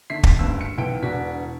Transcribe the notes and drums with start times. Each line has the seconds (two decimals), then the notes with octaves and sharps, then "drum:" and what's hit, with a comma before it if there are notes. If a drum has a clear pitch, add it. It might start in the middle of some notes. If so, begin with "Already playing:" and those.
0.10 D3 D#3 E5 B6 C7
0.23 drum: kick
0.39 F#1 D2 G2 E6
0.61 C#7
0.78 B1 E3 B3 G5 D7
1.02 E1 E3 D4 F#4 B6